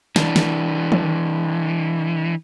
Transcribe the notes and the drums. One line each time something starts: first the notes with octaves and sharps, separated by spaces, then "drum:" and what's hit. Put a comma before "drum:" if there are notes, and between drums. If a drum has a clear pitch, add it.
E3 D4, drum: snare
drum: snare
drum: tom D#3